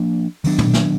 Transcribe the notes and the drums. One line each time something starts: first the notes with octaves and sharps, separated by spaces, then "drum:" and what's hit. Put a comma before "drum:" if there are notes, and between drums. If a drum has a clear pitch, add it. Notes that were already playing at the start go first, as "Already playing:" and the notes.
Already playing: F3 A#3 D4
D#3 F#3 B3 D4, drum: open hi-hat
drum: tom
drum: snare